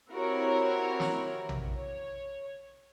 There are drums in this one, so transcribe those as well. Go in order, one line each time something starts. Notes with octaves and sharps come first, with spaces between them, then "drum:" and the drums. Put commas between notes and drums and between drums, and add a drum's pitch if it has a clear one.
C4 E4 F#4 G4 A#4 C#5
drum: snare
drum: tom A#1
C#5